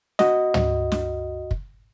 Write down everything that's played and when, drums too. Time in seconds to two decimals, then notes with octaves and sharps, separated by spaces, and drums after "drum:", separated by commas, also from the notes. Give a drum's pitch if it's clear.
0.19 F#4 D#5, drum: snare
0.54 drum: tom
0.92 drum: snare
1.51 drum: kick